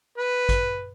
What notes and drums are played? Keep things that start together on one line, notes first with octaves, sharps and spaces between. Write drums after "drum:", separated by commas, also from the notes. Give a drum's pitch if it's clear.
B4
drum: kick G#1, hi-hat